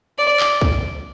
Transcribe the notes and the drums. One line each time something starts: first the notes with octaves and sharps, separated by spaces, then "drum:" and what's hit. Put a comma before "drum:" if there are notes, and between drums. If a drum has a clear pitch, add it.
D5
drum: clap
drum: kick